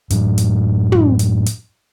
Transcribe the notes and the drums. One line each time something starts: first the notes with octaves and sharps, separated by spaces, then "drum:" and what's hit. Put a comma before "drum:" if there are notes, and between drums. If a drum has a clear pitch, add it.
F#2 A2 F#3, drum: hi-hat
drum: hi-hat
drum: tom
drum: hi-hat
drum: hi-hat